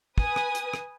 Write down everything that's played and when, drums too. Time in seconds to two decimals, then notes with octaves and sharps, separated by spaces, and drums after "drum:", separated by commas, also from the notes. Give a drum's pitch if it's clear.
0.18 B4 G#5 D#6, drum: kick
0.36 drum: rim click
0.55 drum: hi-hat
0.74 drum: rim click